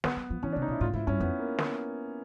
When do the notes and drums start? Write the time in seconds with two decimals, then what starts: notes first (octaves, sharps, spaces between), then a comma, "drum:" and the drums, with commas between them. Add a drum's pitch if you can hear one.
0.04 F#3 B3, drum: snare
0.16 F#3
0.30 F3
0.42 E3 C#4
0.52 D4
0.56 C3
0.62 D#4
0.68 B2 E4
0.81 A2 F4
0.93 G#2 E4
1.07 G2 C#4
1.20 F2 B3
1.39 A#3
1.58 drum: snare